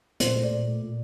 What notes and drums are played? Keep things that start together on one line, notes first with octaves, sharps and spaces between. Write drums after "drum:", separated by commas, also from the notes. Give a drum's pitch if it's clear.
A#2 C5, drum: hi-hat
A3
D5
A#2
A3
A#2